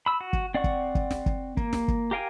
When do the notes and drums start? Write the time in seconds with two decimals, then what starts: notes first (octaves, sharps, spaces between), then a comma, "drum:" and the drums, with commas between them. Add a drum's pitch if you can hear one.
0.06 B5 E6
0.21 F#4
0.33 drum: kick
0.54 C4 D5 F#5 C#6
0.64 drum: kick
0.95 drum: kick
1.11 drum: snare
1.26 drum: kick
1.57 A#3, drum: kick
1.73 drum: snare
1.88 drum: kick
2.11 G4 A#4 F5 G5 G#5